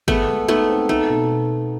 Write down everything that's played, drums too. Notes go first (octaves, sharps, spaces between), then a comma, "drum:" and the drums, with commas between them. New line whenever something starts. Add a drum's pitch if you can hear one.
A3 B3 G#4, drum: kick G1
G#3
A3 B3 D#4
C4
A3 D#4
B2